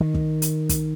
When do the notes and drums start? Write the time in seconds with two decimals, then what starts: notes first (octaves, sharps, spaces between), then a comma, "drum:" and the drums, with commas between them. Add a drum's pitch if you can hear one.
0.01 D#3
0.14 drum: kick
0.42 drum: hi-hat
0.69 drum: kick, hi-hat